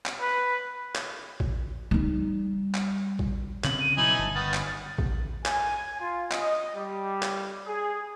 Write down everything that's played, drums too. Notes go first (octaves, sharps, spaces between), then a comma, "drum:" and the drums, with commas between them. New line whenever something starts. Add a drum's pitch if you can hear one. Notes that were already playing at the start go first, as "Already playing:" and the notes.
drum: clap
B4
drum: clap
drum: kick A#1
G3 D#4
drum: clap
drum: kick A#1
C#3 C4 F#7, drum: clap
D#7
B2 E3 F#3 D#4 G#5 F#7
G1 A5
D#3 B3 A6
drum: clap
drum: kick A#1
G#5, drum: clap
F4
D#5, drum: clap
G3
drum: clap
G#4